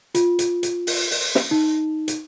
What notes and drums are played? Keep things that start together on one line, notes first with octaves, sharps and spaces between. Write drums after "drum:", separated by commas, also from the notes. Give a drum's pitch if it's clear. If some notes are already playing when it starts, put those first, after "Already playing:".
F4, drum: hi-hat
drum: hi-hat
drum: hi-hat
drum: open hi-hat
drum: open hi-hat
drum: snare
D#4
drum: hi-hat